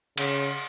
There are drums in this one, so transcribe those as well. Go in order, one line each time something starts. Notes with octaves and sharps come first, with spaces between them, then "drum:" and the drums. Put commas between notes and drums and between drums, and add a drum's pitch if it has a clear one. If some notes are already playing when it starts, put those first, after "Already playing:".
C#3, drum: cymbal